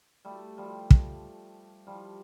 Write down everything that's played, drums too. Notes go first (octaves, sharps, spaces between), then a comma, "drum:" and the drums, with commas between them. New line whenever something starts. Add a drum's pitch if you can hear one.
G3 A3
F3 G3
drum: kick
F3 G3